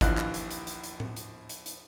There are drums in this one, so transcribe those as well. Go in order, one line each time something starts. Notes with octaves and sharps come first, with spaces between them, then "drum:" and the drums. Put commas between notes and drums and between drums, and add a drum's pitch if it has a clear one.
A#1 D#2 E3 F5 F#6, drum: kick G#1, hi-hat
drum: clap
drum: hi-hat
drum: hi-hat
drum: hi-hat
drum: hi-hat
drum: tom A2
drum: hi-hat
drum: hi-hat
drum: hi-hat